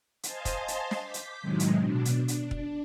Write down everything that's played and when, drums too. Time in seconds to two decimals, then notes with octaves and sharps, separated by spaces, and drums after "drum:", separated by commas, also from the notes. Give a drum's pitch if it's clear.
0.23 C5 D#5 F5 G#5 A5 C6, drum: hi-hat
0.45 drum: kick, hi-hat
0.68 drum: hi-hat
0.91 drum: snare
1.00 D6 G6 B6
1.14 drum: hi-hat
1.42 A2 C3 D#3 F#3 G#3
1.60 drum: hi-hat
1.78 B2 D4
2.05 drum: hi-hat
2.28 D4, drum: hi-hat
2.51 drum: kick